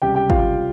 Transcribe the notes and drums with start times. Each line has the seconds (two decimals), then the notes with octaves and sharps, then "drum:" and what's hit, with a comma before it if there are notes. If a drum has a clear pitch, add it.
0.02 C#2 C3 G3 G4 G5
0.15 G4 G5
0.30 F4 F5, drum: kick